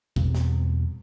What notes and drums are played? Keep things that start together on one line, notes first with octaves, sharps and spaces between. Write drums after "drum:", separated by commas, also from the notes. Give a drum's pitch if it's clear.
E2 B2 G3 C4, drum: kick
drum: snare